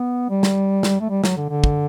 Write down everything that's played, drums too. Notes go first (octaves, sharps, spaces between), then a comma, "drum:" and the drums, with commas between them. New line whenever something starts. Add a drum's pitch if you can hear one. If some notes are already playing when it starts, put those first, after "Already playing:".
Already playing: B3
G3
drum: snare
drum: snare
A3
G3
F#3, drum: snare
D3
D3
drum: kick